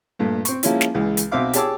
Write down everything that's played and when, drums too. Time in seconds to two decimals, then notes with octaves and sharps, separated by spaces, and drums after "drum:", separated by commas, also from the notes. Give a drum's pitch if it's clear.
0.19 G2 A#2 A3
0.45 C4 C#6, drum: hi-hat
0.63 F3 G#3 A#3 C#4 E4 F4, drum: hi-hat
0.81 drum: snare
0.94 C#2 E3 G#3
1.17 drum: hi-hat
1.32 B1 B2 C4 E5 F5 D6
1.53 G4 G#4 C#5 A5 D6 E6, drum: hi-hat